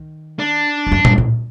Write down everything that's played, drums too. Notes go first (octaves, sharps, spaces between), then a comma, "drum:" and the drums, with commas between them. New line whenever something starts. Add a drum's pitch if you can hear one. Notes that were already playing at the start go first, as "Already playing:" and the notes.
Already playing: D#3
D4
G2
F#2
G2, drum: tom A#2
A2